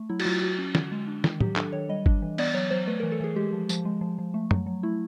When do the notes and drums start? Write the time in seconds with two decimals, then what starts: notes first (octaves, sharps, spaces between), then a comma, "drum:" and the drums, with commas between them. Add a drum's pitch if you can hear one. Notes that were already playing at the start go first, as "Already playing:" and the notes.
Already playing: A3
0.09 F#3 E4
0.20 F#4, drum: cymbal
0.25 F#3 F4
0.42 F#3 F#4
0.58 C#4
0.75 D3, drum: snare
0.92 G#3
1.07 D4
1.24 D#3, drum: snare
1.41 F#3 G4, drum: tom
1.56 D4 A4, drum: clap
1.72 D#3 C#5
1.89 G3 D#5
2.06 D4, drum: kick G1
2.22 E3
2.38 B3 D5, drum: cymbal
2.54 F#3 C#5
2.70 F#3 C5
2.87 A3 B4
3.00 A#4
3.03 E3
3.12 A4
3.20 E3 G#4
3.36 G#3 G4
3.53 F3
3.69 F3, drum: tambourine
3.85 G#3
4.01 F3
4.18 F3
4.34 A3
4.51 F#3, drum: tom
4.66 F#3
4.83 A3 E4